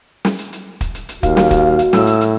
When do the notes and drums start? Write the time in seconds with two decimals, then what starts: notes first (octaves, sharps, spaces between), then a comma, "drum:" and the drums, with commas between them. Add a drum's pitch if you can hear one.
0.25 drum: snare
0.39 drum: hi-hat
0.53 drum: hi-hat
0.81 drum: kick, hi-hat
0.95 drum: hi-hat
1.09 drum: hi-hat
1.23 D#2 F#4 F5, drum: kick, hi-hat
1.37 drum: snare
1.51 drum: kick, hi-hat
1.79 drum: hi-hat
1.93 A2 E6, drum: snare
2.07 drum: hi-hat
2.21 drum: hi-hat